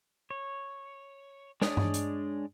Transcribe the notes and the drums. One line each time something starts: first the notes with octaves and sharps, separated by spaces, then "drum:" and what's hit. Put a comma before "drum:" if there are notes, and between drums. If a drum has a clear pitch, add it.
C#5
G#3 D4 C#5 D5 D#6, drum: snare
drum: tom G2
drum: hi-hat